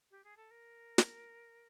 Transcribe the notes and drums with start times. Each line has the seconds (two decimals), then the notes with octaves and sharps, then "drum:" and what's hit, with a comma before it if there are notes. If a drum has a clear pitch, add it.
0.10 G4
0.24 G#4
0.36 A4
0.50 A#4
0.98 drum: snare